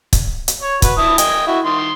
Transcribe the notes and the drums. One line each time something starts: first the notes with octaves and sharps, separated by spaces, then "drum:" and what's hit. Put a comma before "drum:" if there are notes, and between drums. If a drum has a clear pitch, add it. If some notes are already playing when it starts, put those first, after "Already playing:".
drum: kick, hi-hat
drum: hi-hat
C#5
F#4 B4, drum: kick, hi-hat
E4 A5 D#6
D#5 G5 G#5, drum: hi-hat
E4 F#4
D#3 C6